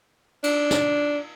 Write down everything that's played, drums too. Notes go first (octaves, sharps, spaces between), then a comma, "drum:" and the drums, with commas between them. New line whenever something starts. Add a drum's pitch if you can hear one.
D4, drum: cymbal
drum: snare